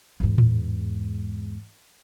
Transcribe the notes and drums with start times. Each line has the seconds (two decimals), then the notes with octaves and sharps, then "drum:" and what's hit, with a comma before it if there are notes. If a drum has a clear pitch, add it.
0.20 E2 G#2
0.38 drum: tom A2